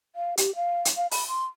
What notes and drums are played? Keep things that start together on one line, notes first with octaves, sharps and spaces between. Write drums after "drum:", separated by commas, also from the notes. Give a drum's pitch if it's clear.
F5
G4, drum: hi-hat
F5
drum: hi-hat
F5
B5, drum: open hi-hat
C6